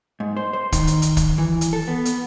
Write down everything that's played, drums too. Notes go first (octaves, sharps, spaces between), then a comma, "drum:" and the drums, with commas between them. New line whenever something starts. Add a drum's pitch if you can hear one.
G#2
C5
C5
D#3, drum: kick, hi-hat
drum: hi-hat
drum: hi-hat
drum: kick, hi-hat
E3
drum: hi-hat
A4
B3
drum: hi-hat